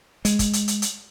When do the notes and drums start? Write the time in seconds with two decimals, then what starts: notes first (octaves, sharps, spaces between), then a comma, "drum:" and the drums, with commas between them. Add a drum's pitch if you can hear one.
0.25 G#3, drum: hi-hat
0.39 drum: kick, hi-hat
0.53 drum: hi-hat
0.68 drum: hi-hat
0.82 drum: hi-hat